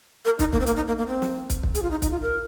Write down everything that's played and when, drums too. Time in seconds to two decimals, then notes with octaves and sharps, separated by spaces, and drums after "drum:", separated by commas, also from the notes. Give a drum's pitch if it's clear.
0.25 A#4
0.39 D#4, drum: kick, hi-hat
0.53 A#3, drum: kick
0.60 C4
0.66 A#3, drum: hi-hat
0.76 D#4
0.87 A#3
0.98 A#3
1.08 C4
1.22 drum: snare
1.50 drum: kick, hi-hat
1.63 drum: kick
1.75 G#4, drum: hi-hat
1.82 F4
1.91 D#4
2.02 D#4, drum: kick, hi-hat
2.11 F4
2.22 A#4